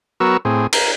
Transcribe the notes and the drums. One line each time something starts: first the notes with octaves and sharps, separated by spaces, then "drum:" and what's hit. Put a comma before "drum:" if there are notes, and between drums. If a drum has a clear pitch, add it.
F#3 B3 F#4 A#4 C#6 E6
A2 C4 G#4
A#4, drum: cymbal